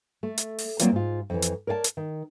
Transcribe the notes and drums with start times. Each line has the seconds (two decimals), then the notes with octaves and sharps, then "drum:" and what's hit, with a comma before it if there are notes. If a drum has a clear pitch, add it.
0.23 A3
0.38 drum: hi-hat
0.59 drum: open hi-hat
0.79 F#3 A#3 C4 F4 D5, drum: hi-hat
0.92 G#2 F4
1.30 F2 E3
1.42 drum: hi-hat
1.67 A#4 C#5 D5 F5 A5
1.84 drum: hi-hat
1.97 D#3